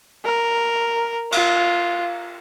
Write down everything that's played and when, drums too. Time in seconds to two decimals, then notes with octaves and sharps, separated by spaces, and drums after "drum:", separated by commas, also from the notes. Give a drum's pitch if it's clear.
0.25 A#4
1.32 F4, drum: cymbal